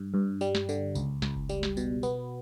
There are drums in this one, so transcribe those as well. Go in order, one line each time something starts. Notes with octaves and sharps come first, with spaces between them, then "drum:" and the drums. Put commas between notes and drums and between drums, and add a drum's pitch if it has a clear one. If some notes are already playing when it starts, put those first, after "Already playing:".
Already playing: G2
G2
G3, drum: tambourine
drum: snare
D3, drum: tambourine
C#2, drum: tambourine
C#2, drum: snare
drum: kick F#1
G3, drum: tambourine
drum: snare
B2, drum: tambourine
B3, drum: tambourine